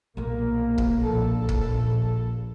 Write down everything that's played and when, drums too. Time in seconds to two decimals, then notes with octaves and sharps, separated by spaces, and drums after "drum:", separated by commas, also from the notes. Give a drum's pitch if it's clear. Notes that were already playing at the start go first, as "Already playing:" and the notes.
0.17 B1 A#2 A#3
0.78 drum: kick
1.01 A#1 A4
1.49 drum: kick